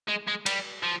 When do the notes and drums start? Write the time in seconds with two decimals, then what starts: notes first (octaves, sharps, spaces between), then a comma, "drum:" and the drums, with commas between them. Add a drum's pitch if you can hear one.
0.09 G#3
0.28 G#3
0.46 G3, drum: cymbal
0.83 F3